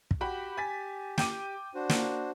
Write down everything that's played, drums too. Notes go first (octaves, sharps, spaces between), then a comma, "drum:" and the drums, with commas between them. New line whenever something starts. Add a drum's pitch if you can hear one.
drum: kick
F#4 G4 G5 B5
G#5 A6 B6
G5 D6 D#7, drum: snare
D4 F#4 C5
A#3, drum: snare